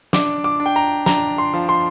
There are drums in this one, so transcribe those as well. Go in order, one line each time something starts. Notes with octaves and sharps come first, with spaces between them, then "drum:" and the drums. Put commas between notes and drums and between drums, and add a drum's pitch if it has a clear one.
D4 D6, drum: snare
D6
D4
G5
A#5
D4 A#5, drum: snare
C6
F3
C6